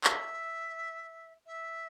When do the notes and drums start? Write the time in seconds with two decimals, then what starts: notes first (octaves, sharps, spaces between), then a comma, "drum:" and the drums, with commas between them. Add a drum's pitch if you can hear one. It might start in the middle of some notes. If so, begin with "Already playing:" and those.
0.04 E5, drum: clap
1.46 E5